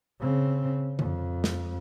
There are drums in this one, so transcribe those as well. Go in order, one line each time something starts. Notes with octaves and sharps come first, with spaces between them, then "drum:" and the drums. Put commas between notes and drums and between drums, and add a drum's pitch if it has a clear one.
C#3 C4
F2, drum: tom
drum: snare